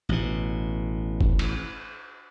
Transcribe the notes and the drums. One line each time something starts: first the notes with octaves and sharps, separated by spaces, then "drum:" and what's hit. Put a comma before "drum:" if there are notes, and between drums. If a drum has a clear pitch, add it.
A1 B2
drum: kick
drum: cymbal